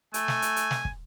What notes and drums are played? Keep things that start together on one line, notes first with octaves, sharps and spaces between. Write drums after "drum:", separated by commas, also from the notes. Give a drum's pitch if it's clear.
A3 G#5, drum: hi-hat
drum: snare
drum: hi-hat
drum: hi-hat
drum: snare
drum: kick